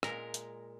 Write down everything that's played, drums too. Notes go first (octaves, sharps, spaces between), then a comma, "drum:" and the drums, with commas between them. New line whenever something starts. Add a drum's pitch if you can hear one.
A#2 G#3 A#4, drum: rim click
drum: hi-hat